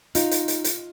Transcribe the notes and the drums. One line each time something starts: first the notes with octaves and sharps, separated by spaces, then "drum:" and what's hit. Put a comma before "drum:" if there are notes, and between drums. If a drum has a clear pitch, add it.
D#4 F4, drum: hi-hat
drum: hi-hat
drum: hi-hat
drum: hi-hat